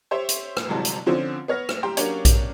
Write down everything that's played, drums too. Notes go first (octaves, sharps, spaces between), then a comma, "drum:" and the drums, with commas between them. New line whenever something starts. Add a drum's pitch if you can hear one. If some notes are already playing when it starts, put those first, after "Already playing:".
G4 C5 C#5 E5
drum: hi-hat
drum: rim click
G1 C3 E3 F#3 G#3 A5
drum: hi-hat
D3 F3 C4 C#4 C5
B3 C#5 F6 A#6
drum: rim click
G4 G5 A#5 C6
F#3 A#3 C#4 D4 G4 C#5, drum: hi-hat
drum: kick A#1, hi-hat